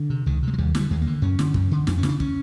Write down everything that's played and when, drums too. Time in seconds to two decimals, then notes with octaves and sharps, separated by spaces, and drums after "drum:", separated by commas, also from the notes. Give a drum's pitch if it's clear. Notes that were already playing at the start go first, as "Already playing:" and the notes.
Already playing: D3
0.10 C3
0.26 C#2 D#3
0.43 C3
0.48 G#3
0.53 F#3
0.58 D#2 G3
0.75 D3 G3, drum: snare
0.91 D#2 G#3
1.02 A#3
1.07 D3
1.22 F#2 C#4
1.39 D3, drum: snare
1.54 F#2, drum: kick
1.72 D3
1.87 F2 D4, drum: snare
1.98 C#4
2.03 C#3, drum: snare
2.09 D4
2.20 C#4, drum: kick